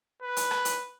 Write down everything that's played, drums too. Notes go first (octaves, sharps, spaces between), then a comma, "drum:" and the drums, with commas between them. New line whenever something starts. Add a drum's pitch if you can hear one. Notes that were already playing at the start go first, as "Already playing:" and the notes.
B4
drum: hi-hat
drum: rim click
drum: hi-hat